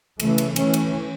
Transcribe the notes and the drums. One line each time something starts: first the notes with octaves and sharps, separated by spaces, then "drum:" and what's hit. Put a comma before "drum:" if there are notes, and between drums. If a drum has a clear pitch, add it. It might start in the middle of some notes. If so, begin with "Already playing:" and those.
C#3 E3 A3, drum: cymbal
drum: cymbal
E3 A3 C#4, drum: cymbal
drum: cymbal